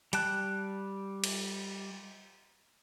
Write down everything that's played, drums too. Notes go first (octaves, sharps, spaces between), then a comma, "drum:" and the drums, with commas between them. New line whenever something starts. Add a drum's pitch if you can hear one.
G3 G5 A5 F#6, drum: hi-hat
drum: cymbal